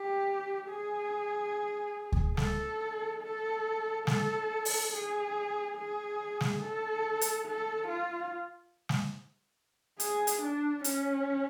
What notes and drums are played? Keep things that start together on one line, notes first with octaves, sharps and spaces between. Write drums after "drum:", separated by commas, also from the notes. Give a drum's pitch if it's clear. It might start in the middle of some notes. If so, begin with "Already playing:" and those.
Already playing: G4
G#4
drum: kick D2
A4, drum: snare
A4
A4, drum: snare
drum: open hi-hat
G#4
G#4
drum: snare
A4
drum: hi-hat
A4
F4
drum: snare
G#4, drum: hi-hat
drum: hi-hat
D4
C#4, drum: hi-hat